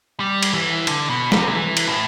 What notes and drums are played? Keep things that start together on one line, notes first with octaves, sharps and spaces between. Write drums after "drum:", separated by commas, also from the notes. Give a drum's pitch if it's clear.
G3
drum: cymbal
E3
D3, drum: cymbal
B2
C3, drum: snare
F#3
E3
drum: cymbal
A2